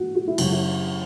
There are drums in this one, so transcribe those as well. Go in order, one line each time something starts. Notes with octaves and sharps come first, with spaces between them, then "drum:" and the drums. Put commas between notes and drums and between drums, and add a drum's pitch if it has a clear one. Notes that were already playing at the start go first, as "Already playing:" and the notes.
Already playing: G#2 E3 F#4
F#4
E4
F#2 C#3 F#3, drum: cymbal
E4